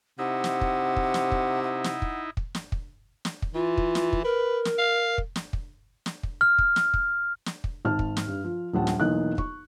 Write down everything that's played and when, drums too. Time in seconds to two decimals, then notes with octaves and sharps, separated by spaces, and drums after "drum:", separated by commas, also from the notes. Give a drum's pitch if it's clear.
0.19 C3 D#4 E4 F#5
0.44 drum: snare
0.61 drum: kick
0.97 drum: kick
1.14 drum: snare
1.32 drum: kick
1.63 F#5
1.84 drum: snare
2.02 drum: kick
2.37 drum: kick
2.55 drum: snare
2.72 drum: kick
3.25 drum: snare
3.42 drum: kick
3.54 E3 F4
3.78 drum: kick
3.95 drum: snare
4.13 drum: kick
4.24 A#4 B4
4.65 drum: snare
4.78 F5
5.18 drum: kick
5.36 drum: snare
5.53 drum: kick
6.06 drum: snare
6.23 drum: kick
6.41 F6
6.59 drum: kick
6.76 drum: snare
6.94 drum: kick
7.46 drum: snare
7.64 drum: kick
7.85 G#1 A5 F6
7.99 drum: kick
8.17 drum: snare
8.27 G2
8.44 F3
8.73 D#1 A#1 F#5 A5
8.87 drum: snare
9.00 B1 E2 A#3 D#5 F#6
9.38 C#6, drum: kick